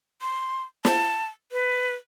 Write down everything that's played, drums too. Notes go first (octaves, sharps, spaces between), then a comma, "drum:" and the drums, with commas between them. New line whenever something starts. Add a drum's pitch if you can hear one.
C6
A5, drum: snare
B4